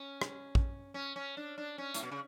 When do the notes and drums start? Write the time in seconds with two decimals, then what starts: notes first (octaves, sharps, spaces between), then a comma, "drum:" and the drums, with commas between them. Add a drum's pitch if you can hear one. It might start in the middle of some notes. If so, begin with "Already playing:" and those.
Already playing: C#4
0.22 drum: rim click
0.55 drum: kick
0.94 C#4
1.16 C#4
1.37 D4
1.58 D4
1.78 C#4
1.94 A2, drum: hi-hat
2.03 B2
2.11 C#3